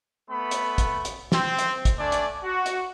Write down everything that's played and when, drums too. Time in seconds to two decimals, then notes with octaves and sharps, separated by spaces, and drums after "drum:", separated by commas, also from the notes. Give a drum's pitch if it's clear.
0.30 A3 B3 B5
0.51 drum: hi-hat
0.78 drum: kick, hi-hat
1.05 drum: hi-hat
1.32 C4 C5, drum: snare
1.59 drum: hi-hat
1.85 drum: kick, hi-hat
1.99 A3 D4 D5 G#5
2.12 drum: hi-hat
2.44 F#4
2.66 drum: hi-hat